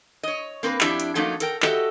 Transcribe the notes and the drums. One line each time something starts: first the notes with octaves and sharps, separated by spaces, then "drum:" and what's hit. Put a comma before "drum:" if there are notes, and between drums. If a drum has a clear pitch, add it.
C#5 D#5
A#3 C4 A#4 B4
F2 D4 E4 G4 E5, drum: clap
drum: hi-hat
F3 F#3 A3 A#3 C#4 D#4
A4 A#4 G5, drum: hi-hat
F#4 G4 A4 D#5 E5, drum: clap